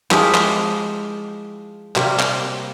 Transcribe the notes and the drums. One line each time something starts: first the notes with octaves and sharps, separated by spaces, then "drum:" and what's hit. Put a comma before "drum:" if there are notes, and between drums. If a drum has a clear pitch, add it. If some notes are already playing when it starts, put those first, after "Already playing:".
F3 G#3 E4 G4, drum: clap
drum: clap
C3 G3 A#3, drum: clap
drum: clap